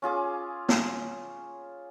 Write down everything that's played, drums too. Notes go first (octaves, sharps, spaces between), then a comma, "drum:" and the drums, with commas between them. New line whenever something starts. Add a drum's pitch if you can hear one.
C#4 F4 G#4 D6
drum: snare